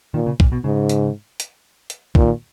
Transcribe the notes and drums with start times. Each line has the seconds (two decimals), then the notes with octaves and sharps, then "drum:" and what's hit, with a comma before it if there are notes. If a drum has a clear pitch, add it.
0.14 A#2 D#3
0.26 C#3
0.40 A#2, drum: kick
0.52 B2
0.64 G#2 C#3
0.89 drum: hi-hat
1.40 drum: hi-hat
1.90 drum: hi-hat
2.15 A#2 D#3, drum: kick